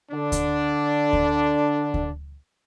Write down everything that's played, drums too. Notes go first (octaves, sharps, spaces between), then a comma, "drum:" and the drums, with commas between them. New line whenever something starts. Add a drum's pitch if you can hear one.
D3 D4
drum: kick D2, hi-hat
drum: kick D2
drum: kick D2